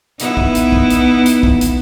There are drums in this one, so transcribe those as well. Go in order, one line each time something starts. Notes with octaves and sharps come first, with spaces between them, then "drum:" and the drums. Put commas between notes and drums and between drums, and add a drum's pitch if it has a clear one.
B3 D#4 E4, drum: hi-hat
drum: kick
drum: hi-hat
drum: kick
drum: hi-hat
drum: hi-hat
drum: kick
drum: hi-hat